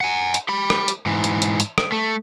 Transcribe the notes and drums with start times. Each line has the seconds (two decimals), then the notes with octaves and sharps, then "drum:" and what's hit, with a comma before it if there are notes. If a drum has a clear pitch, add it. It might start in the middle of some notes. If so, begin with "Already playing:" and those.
0.01 F#5 G#5
0.34 drum: hi-hat
0.49 G4 B5
0.70 drum: rim click
0.88 drum: hi-hat
1.06 G#2 E3
1.24 drum: hi-hat
1.42 drum: hi-hat
1.60 drum: hi-hat
1.78 drum: rim click
1.92 A3